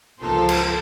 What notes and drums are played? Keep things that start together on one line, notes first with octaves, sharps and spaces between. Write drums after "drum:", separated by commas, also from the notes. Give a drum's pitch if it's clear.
C#2 F3 F4 A4 A#4 C5
drum: cymbal